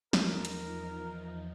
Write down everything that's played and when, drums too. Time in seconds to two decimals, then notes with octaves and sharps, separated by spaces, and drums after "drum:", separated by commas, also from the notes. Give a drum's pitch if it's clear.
0.13 E2 F3 D#4 A#4, drum: snare
0.45 drum: hi-hat